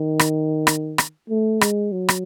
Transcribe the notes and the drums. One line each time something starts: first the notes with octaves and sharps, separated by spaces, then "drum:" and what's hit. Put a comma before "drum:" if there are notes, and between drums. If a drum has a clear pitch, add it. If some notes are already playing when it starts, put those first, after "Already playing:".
Already playing: D#3
drum: rim click
drum: rim click
drum: rim click
A3
G#3, drum: rim click
F#3
drum: rim click